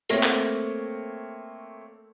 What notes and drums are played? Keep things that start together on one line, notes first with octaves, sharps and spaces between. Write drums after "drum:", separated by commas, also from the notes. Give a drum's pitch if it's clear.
A3 A#3 C4 C#5 A#6, drum: hi-hat
drum: clap